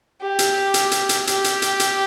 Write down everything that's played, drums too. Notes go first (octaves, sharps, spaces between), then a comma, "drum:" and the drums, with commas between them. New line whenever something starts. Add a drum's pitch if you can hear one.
G4
drum: hi-hat
drum: hi-hat
drum: hi-hat
drum: hi-hat
G4, drum: hi-hat
drum: hi-hat
drum: hi-hat
drum: hi-hat